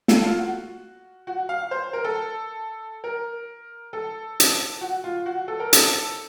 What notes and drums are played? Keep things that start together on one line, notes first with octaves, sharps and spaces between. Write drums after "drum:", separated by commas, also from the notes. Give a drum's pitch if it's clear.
A4, drum: snare
F4
F#4
F#4
F5
C5
A#4
A4
A#4
A4
drum: hi-hat
F#4
F4
F#4
A4
A#4
A4, drum: hi-hat